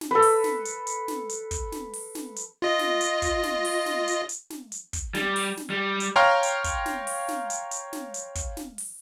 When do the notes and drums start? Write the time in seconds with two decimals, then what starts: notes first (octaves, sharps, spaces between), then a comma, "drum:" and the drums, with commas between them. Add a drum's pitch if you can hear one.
0.01 drum: snare
0.11 A4 B4
0.22 drum: open hi-hat
0.44 drum: snare
0.65 drum: hi-hat
0.87 drum: hi-hat
1.08 drum: snare
1.29 drum: hi-hat
1.51 drum: kick, hi-hat
1.72 drum: snare
1.94 drum: open hi-hat
2.15 drum: snare
2.36 drum: hi-hat
2.62 F4 D#5
2.79 drum: snare
3.01 drum: hi-hat
3.22 drum: kick, hi-hat
3.43 drum: snare
3.65 drum: open hi-hat
3.86 drum: snare
4.08 drum: hi-hat
4.29 drum: hi-hat
4.50 drum: snare
4.72 drum: hi-hat
4.93 drum: kick, hi-hat
5.15 G3, drum: snare
5.36 drum: open hi-hat
5.57 drum: snare
5.70 G3
6.00 drum: hi-hat
6.16 C#5 F5 G5 A#5 C6 F6
6.43 drum: hi-hat
6.64 drum: kick, hi-hat
6.86 drum: snare
7.07 drum: open hi-hat
7.28 drum: snare
7.50 drum: hi-hat
7.71 drum: hi-hat
7.93 drum: snare
8.14 drum: hi-hat
8.35 drum: kick, hi-hat
8.57 drum: snare
8.78 drum: open hi-hat